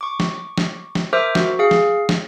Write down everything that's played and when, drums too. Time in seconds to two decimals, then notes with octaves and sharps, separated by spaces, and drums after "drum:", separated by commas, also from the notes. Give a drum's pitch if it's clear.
0.01 C#6 D6
0.20 drum: snare
0.58 drum: snare
0.95 drum: snare
1.13 A#4 C5 E5 D6 E6 F6
1.35 F#4, drum: snare
1.59 G#4 F5 C#7
1.71 drum: snare
2.09 drum: snare